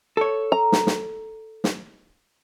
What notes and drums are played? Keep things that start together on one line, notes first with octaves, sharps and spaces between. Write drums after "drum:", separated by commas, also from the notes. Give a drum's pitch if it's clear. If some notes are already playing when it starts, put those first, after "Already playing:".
A4 C#5
A#5
drum: snare
drum: snare
drum: snare